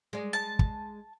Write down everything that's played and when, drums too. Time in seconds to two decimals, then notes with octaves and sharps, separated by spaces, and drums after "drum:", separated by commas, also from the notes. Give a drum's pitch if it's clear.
0.13 G#3 D5
0.33 A5
0.59 drum: kick